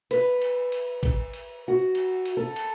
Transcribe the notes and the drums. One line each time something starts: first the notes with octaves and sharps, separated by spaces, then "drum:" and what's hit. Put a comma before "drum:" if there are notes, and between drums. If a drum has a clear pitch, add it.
B4, drum: cymbal
drum: cymbal
drum: cymbal
drum: kick, cymbal
drum: cymbal
F#4
drum: cymbal
drum: cymbal
A4
drum: cymbal